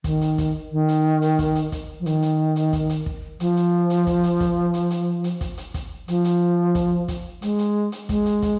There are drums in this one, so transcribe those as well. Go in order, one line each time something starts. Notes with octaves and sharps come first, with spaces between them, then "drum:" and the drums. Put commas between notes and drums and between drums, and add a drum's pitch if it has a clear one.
D#3, drum: kick, hi-hat
drum: hi-hat
drum: kick, hi-hat
D#3
drum: hi-hat
drum: hi-hat
drum: kick, hi-hat
drum: hi-hat
drum: kick, hi-hat
F3
D#3, drum: hi-hat
drum: hi-hat
drum: hi-hat
drum: kick, hi-hat
drum: hi-hat
drum: kick
F3, drum: hi-hat
drum: hi-hat
drum: hi-hat
drum: kick, hi-hat
drum: hi-hat
drum: kick, hi-hat
drum: hi-hat
drum: hi-hat
drum: hi-hat
drum: kick, hi-hat
drum: hi-hat
drum: kick, hi-hat
F3, drum: hi-hat
drum: hi-hat
drum: kick, hi-hat
drum: kick, hi-hat
G#3, drum: hi-hat
drum: hi-hat
drum: hi-hat
G#3, drum: kick, hi-hat
drum: hi-hat
drum: kick, hi-hat